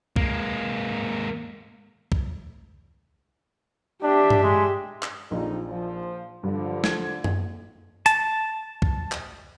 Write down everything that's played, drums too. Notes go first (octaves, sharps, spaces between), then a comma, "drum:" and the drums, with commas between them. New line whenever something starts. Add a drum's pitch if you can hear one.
G#3 A#3, drum: kick
drum: kick
D4 G4 E5
drum: tom G2
G#3
drum: clap
A#1 F2 D#4 F4
F3
G2 D3 F3
G#6, drum: snare
drum: tom F#2
A5, drum: hi-hat
drum: kick
drum: clap